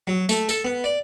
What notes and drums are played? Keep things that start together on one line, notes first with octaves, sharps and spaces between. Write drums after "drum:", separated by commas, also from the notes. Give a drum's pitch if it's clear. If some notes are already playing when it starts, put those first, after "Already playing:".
F#3
A3, drum: tambourine
A4, drum: tambourine
B3
D5